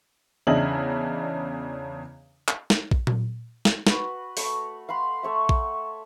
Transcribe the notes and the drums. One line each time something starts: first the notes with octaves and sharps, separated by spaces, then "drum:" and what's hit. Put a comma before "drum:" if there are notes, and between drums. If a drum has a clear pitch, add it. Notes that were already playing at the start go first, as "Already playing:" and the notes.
E2 C#3 D4 D#5 E5 F#7
drum: clap
drum: snare
drum: kick A#1
drum: tom A#2
drum: snare
F#4 B4, drum: snare
A3 C#5 B5, drum: open hi-hat
F5 F#5 B5 C6
A3 C#5 E5
drum: kick A#1